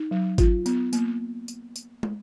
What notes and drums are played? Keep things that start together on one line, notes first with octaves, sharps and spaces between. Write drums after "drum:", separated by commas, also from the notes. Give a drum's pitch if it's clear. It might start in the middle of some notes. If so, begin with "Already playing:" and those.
Already playing: D#4
F#3
F4, drum: kick G#1, tambourine
B3, drum: tambourine
A#3, drum: tambourine
drum: tambourine
drum: tambourine
drum: tom